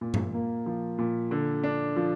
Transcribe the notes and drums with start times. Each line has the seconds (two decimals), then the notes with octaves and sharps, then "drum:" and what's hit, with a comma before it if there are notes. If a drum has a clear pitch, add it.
0.01 A#2
0.14 drum: tom G2
0.34 A#3
0.66 F3
0.99 A#2
1.31 D3
1.64 D4
1.96 F3